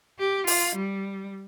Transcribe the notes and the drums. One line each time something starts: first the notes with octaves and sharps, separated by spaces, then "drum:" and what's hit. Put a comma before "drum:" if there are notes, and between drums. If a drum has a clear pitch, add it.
G4
F4, drum: open hi-hat
G3